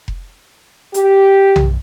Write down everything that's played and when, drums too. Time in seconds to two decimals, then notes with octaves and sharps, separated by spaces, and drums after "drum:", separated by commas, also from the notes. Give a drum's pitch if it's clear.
0.08 drum: kick F1
0.94 G4, drum: hi-hat
1.56 drum: tom B1